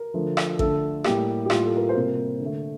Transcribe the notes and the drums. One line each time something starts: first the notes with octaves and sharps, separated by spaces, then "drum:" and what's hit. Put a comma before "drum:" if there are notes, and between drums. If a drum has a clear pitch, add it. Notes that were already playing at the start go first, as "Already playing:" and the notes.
Already playing: A#4
D3 F3 A3
drum: rim click
D3 A3 A4, drum: kick A1
A2 G3 A#3 G4, drum: rim click
G4
A2 G3 A#3 F4, drum: rim click
A4
A#4
A4
C5
C3 G3 A#3 A#4
D3
A3